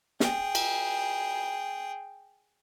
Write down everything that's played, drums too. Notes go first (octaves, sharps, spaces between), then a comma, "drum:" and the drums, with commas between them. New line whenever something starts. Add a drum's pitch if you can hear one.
G#4 G5, drum: snare
drum: cymbal